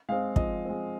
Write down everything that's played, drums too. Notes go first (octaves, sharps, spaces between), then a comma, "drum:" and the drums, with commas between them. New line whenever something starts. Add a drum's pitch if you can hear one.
G#3 C4 F5
F3 D#5, drum: kick
G#3 C4